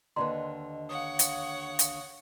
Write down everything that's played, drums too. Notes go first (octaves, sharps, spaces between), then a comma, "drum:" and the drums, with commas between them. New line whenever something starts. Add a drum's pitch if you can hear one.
D#2 D3 B4 D5 D#5 A#5 C6
C#5 F5 F#5 D#6
drum: hi-hat
drum: hi-hat